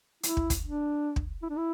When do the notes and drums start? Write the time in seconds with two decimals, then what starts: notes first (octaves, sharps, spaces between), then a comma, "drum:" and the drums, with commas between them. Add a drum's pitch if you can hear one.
0.23 E4, drum: hi-hat
0.37 drum: kick
0.50 drum: kick, hi-hat
0.64 D4
1.16 drum: kick
1.43 E4
1.50 D4
1.57 E4